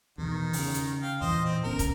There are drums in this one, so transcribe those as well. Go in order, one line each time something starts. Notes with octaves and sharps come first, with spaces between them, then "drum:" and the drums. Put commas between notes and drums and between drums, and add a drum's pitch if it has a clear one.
E2 B2 D#3
C#3, drum: open hi-hat
drum: hi-hat
F5 G5
E2 A#2 E3 C5 D#5
C4
F#1 B3 C#4 A#4
drum: kick, hi-hat